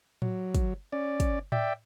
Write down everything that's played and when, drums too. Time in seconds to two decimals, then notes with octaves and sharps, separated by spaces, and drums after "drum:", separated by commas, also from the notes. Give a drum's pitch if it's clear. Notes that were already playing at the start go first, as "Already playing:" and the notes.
0.22 F#3, drum: tom A2
0.55 drum: kick, hi-hat
0.92 C#4 D5
1.20 drum: kick, hi-hat
1.52 D5 E5 G5, drum: tom A2